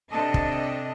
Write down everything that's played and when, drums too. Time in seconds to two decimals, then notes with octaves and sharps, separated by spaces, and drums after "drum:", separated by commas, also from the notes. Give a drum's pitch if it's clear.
0.10 C3 D4 A4 D#5
0.34 drum: kick